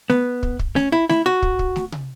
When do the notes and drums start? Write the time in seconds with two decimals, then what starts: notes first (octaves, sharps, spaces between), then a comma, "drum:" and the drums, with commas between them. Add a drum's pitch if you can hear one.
0.10 B3, drum: snare A3
0.43 drum: kick
0.59 drum: kick
0.76 C#4, drum: snare A3
0.92 E4
1.10 E4, drum: snare A3
1.26 F#4
1.42 drum: kick
1.59 drum: kick
1.76 drum: snare A3
1.92 drum: tom